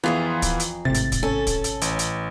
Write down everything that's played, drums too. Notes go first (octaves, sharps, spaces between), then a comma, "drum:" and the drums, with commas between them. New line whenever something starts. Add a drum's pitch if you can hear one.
F2 E3 B3 F4 G#4 A#5
drum: kick, hi-hat
drum: hi-hat
G#1 A2 C3 A6
drum: hi-hat
drum: kick, hi-hat
C#4 A4
drum: kick, hi-hat
drum: hi-hat
A1, drum: hi-hat
drum: hi-hat